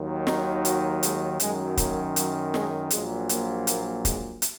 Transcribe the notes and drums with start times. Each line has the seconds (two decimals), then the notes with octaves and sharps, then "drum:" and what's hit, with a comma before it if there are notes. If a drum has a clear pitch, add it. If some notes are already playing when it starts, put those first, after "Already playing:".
Already playing: D#2 D#3 F#3
0.27 D#4, drum: snare
0.65 F#4, drum: hi-hat
1.03 G#3, drum: hi-hat
1.40 F#2 D#3 F#3 G#3, drum: hi-hat
1.77 A#3, drum: kick, hi-hat
2.16 F#3, drum: hi-hat
2.54 G#3, drum: snare
2.90 A#1 A#2 F#3 G#3, drum: hi-hat
3.29 A#3, drum: hi-hat
3.67 A#3, drum: hi-hat
4.05 G#3, drum: kick, hi-hat
4.42 drum: hi-hat